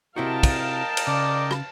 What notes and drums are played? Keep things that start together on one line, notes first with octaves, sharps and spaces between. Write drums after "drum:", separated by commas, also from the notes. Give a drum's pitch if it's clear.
C3 E4 F#4 A#4 D#5 F5 G5 A5
drum: kick, cymbal
drum: cymbal
C#3 D5
drum: rim click